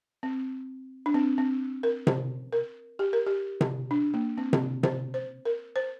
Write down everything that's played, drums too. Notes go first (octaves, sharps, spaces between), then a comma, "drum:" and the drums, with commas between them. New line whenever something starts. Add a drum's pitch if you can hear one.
C4
D4
C4
C4
A#4
C5, drum: tom C3
A#4
G4
A#4
G4
drum: tom C3
D4
A#3
C4
drum: tom C3
C5, drum: tom C3
C5
A#4
C5